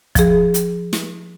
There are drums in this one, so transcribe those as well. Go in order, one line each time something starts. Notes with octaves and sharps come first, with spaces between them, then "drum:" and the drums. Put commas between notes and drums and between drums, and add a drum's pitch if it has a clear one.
F3 G#4, drum: kick, hi-hat
drum: hi-hat
drum: snare